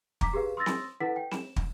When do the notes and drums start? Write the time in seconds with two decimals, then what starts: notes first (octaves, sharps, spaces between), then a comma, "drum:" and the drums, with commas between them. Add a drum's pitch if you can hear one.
0.21 A#5 D6 B6, drum: kick
0.33 G4 G#4 B4 F5
0.57 C6 D#6 E6 A6 A#6
0.66 drum: snare C4
1.00 E4 A4 B4 F#5 B6
1.16 G5
1.31 E7, drum: snare C4
1.56 drum: kick